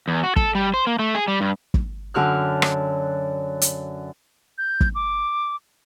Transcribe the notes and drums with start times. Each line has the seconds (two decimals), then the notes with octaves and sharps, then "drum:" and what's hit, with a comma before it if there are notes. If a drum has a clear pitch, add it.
0.08 E2
0.24 F#4
0.36 A4, drum: kick
0.55 G3
0.74 C5
0.87 A#3
0.99 A3
1.15 G#4
1.28 G3
1.41 G2
1.74 drum: kick
2.14 F#2 D3 F#4 F6 F#6
2.62 drum: rim click
3.62 drum: hi-hat
4.58 G6
4.81 drum: kick
4.95 D6